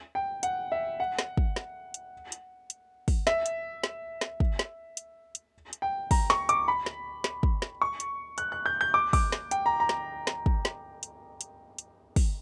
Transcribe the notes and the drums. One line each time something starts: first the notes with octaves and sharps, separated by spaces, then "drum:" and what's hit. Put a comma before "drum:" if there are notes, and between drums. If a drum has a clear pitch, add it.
G5
F#5, drum: hi-hat
E5
F#5
drum: snare
drum: kick
drum: snare
drum: hi-hat
drum: hi-hat
drum: hi-hat
drum: kick, open hi-hat
E5, drum: snare
drum: hi-hat
drum: snare
drum: snare
drum: kick
drum: snare
drum: hi-hat
drum: hi-hat
drum: hi-hat
G5
A#5, drum: kick, open hi-hat
C#6, drum: snare
D6, drum: hi-hat
B5
drum: snare
drum: snare
drum: kick
drum: snare
C#6
drum: hi-hat
F#6, drum: hi-hat
F#6
G6
G6
D6
D6, drum: kick, open hi-hat
drum: snare
G5, drum: hi-hat
A#5
A#5
drum: snare
drum: snare
drum: kick
drum: snare
drum: hi-hat
drum: hi-hat
drum: hi-hat
drum: kick, open hi-hat